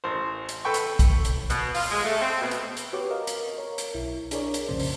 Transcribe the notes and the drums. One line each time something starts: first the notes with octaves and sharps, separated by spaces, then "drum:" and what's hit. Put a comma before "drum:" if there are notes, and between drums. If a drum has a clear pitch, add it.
A1 C5
drum: hi-hat
A4 B4 G5 C#6
drum: hi-hat
drum: kick, hi-hat
drum: hi-hat
B2, drum: hi-hat
F4, drum: open hi-hat
G#3
A3
C4
B2
drum: hi-hat
drum: hi-hat
F#4 G4 B4 C#5 C#6 D6
A#4 D#5 F5
drum: hi-hat
A#4 C#5
drum: hi-hat
B1 E4
D4 G#4 A#4 C#5 D5, drum: hi-hat
drum: hi-hat
B1 F2 A#2 C#3 C5
drum: open hi-hat